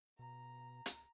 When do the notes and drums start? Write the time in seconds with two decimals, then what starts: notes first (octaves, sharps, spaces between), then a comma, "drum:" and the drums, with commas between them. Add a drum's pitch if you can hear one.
0.19 B2 A#5
0.86 drum: hi-hat